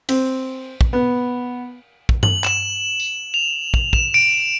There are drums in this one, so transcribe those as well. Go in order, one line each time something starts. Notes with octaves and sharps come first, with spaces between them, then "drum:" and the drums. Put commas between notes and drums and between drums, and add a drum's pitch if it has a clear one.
C4, drum: cymbal
drum: kick
B3
drum: kick
F#7, drum: tom G2
E7, drum: clap
drum: tambourine
F7
drum: kick
E7, drum: kick
D7, drum: open hi-hat